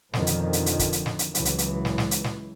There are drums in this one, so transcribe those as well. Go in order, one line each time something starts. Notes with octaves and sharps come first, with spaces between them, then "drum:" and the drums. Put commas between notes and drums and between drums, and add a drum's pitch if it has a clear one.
F2 B2 D3 D#3 F3, drum: snare
drum: hi-hat
drum: hi-hat
drum: hi-hat
drum: kick, hi-hat
drum: hi-hat
drum: snare
drum: hi-hat
C#2 E3 F#3, drum: hi-hat
drum: hi-hat
drum: hi-hat
drum: snare
drum: snare
drum: hi-hat
drum: snare